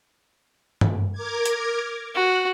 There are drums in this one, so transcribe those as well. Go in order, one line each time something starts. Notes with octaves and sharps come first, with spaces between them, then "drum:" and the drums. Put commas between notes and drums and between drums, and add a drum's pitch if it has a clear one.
drum: tom
A#4 D6 G#6
drum: hi-hat
F#4 F#6